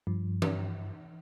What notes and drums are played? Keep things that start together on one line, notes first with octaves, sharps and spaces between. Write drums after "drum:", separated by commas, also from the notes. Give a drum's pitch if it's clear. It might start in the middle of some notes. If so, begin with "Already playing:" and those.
G2 F3
drum: tom E3